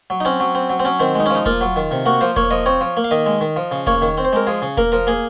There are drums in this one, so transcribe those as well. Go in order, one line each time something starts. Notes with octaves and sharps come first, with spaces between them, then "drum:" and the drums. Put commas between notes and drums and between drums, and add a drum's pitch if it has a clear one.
F#3
D#4
C4 C#4
F#3
C4
F#3
C4
F#3 C#4
D#3 C4
G#3 D#4
F3 C#4
D#4
A#3 F4, drum: kick E1
F#3
D#3
C3
A#3 F#4
F3 C5
A#3 C#5, drum: kick E1
F3 D#5
C4 C#5
F3
A#3
F5
D#3 D#5
G#3
D#3
F3
C#3
A#3 C#5, drum: kick E1
D#3
C4
C5
G#3 A#4
F3 G#4
C#3
A#3 A#4, drum: kick E1
F3 A#4
A#3 G#4